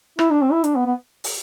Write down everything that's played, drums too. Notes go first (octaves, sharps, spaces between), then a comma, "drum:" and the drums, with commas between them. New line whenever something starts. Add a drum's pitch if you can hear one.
E4, drum: rim click
D4
C4
E4
D4, drum: hi-hat
B3
B3
drum: open hi-hat